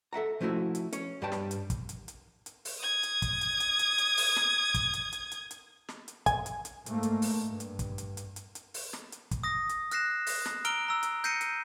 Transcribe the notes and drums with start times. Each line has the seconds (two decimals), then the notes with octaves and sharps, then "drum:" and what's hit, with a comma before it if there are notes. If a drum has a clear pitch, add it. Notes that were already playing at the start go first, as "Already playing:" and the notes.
0.13 A4 E5 F#5 A#5
0.41 F3 A3 C#4 E4 F#4
0.75 drum: hi-hat
0.93 C#4 C#5, drum: hi-hat
1.22 G2 G3 B4 G5 A5
1.32 drum: snare
1.51 drum: hi-hat
1.70 drum: kick, hi-hat
1.89 drum: hi-hat
2.08 drum: hi-hat
2.46 drum: hi-hat
2.65 drum: open hi-hat
2.80 D#6 G#6
3.03 drum: hi-hat
3.22 drum: kick, hi-hat
3.41 drum: hi-hat
3.60 drum: hi-hat
3.79 drum: hi-hat
3.98 drum: hi-hat
4.17 drum: open hi-hat
4.36 drum: snare
4.74 drum: kick, hi-hat
4.93 drum: hi-hat
5.13 drum: hi-hat
5.32 drum: hi-hat
5.51 drum: hi-hat
5.89 drum: snare
6.08 drum: hi-hat
6.26 G#5, drum: kick, hi-hat
6.46 drum: hi-hat
6.65 drum: hi-hat
6.86 G#2 A3 A#3, drum: hi-hat
7.03 drum: hi-hat
7.22 drum: open hi-hat
7.48 G2
7.60 drum: hi-hat
7.79 drum: kick, hi-hat
7.98 drum: hi-hat
8.17 drum: hi-hat
8.36 drum: hi-hat
8.55 drum: hi-hat
8.74 drum: open hi-hat
8.93 drum: snare
9.12 drum: hi-hat
9.31 drum: kick, hi-hat
9.44 D#6 A#6
9.69 drum: hi-hat
9.91 F6 F#6 A#6 C7 E7, drum: hi-hat
10.27 drum: open hi-hat
10.46 drum: snare
10.65 A#5 E6 F6 D7 F7 G7, drum: hi-hat
10.88 A#5 E6
11.03 drum: hi-hat
11.24 G6 A#6 C7 C#7 D#7, drum: hi-hat
11.41 drum: hi-hat